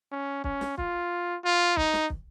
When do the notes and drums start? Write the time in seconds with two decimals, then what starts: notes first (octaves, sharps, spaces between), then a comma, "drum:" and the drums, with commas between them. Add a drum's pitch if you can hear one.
0.12 C#4
0.44 C#4, drum: kick
0.61 drum: snare
0.78 F4, drum: kick
1.44 F4
1.77 D#4, drum: kick
1.93 drum: snare
2.10 drum: kick